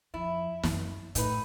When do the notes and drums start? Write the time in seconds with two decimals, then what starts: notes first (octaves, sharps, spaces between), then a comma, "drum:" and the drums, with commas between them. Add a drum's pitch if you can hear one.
0.14 F2 E4
0.63 F#2, drum: snare
1.15 A2 D#4 B4, drum: hi-hat